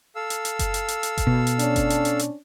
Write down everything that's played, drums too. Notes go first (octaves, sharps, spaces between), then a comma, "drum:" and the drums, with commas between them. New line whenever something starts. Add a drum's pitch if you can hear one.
A4 F5 E6
drum: hi-hat
drum: hi-hat
drum: kick F#1, hi-hat
drum: hi-hat
drum: hi-hat
drum: hi-hat
drum: kick F#1, hi-hat
B2
drum: hi-hat
C#4 D4, drum: hi-hat
drum: kick F#1, hi-hat
drum: hi-hat
drum: hi-hat
drum: hi-hat